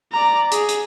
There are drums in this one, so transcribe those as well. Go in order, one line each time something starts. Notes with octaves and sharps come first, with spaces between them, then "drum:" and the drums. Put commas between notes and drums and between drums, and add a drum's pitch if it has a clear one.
D5 A#5
G#4, drum: hi-hat
drum: hi-hat